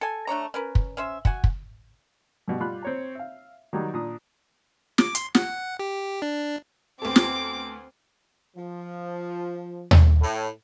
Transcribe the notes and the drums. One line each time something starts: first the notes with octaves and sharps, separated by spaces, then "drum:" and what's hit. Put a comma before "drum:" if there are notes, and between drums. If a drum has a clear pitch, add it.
A4 G#5
A3 D4 C#5 A#5
C#4 A#4 B4
drum: kick
C#4 C5 E5
F#4 F#5 G#5, drum: kick
drum: kick
G2 B2 G3
G3 F4 B5 F#6
C4 C#5 A#5
E5 F5
D#3 F#3 G3 D#4
A#2 D4 D#6
D6, drum: snare
C6, drum: hi-hat
F#5, drum: snare
G4
D4
D2 B3 C4 A4 D6
drum: snare
F3
drum: tom D#2
A2